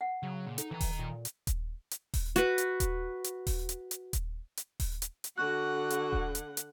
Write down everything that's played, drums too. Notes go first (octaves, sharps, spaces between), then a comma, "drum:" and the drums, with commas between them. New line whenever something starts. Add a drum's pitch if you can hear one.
F#5
C#3 F#3
A#2
D#4 A4, drum: hi-hat
D#3 E3 A#5
drum: kick D#1, open hi-hat
A#2
drum: hi-hat
drum: kick D#1, hi-hat
drum: hi-hat
drum: kick D#1, open hi-hat
F#4 B4, drum: hi-hat
drum: hi-hat
drum: kick D#1, hi-hat
drum: hi-hat
drum: kick D#1, open hi-hat
drum: hi-hat
drum: hi-hat
drum: kick D#1, hi-hat
drum: hi-hat
drum: kick D#1, open hi-hat
drum: hi-hat
drum: hi-hat
D3 F#4 F#5 F#6
drum: hi-hat
drum: kick D#1
drum: hi-hat
drum: hi-hat